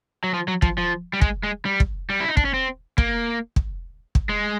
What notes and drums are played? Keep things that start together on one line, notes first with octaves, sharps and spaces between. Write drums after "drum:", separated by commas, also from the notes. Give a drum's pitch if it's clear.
F#3
F3
F#3
F3, drum: kick
F3
G3
G#3, drum: kick
G#3
G3
drum: kick
G3
E4
D#4
D4, drum: kick
C#4
C4
A#3, drum: kick
drum: kick
drum: kick
G#3